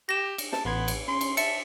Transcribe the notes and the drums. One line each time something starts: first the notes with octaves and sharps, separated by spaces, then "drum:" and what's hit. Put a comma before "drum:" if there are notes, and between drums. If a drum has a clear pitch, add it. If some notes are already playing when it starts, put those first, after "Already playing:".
G4 A#6 E7
drum: cymbal
A5, drum: snare
A1 B3 C6 G#6
drum: cymbal
C#4 C6
drum: cymbal
E5 A5 C#7, drum: cymbal